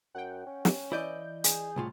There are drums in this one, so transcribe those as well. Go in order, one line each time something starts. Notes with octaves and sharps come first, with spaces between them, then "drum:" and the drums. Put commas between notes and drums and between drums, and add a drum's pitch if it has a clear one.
F#2 F#5 G5
C#4
drum: snare
E3 E4 D5 D#5 G6
G#4, drum: hi-hat
C2 A2 F4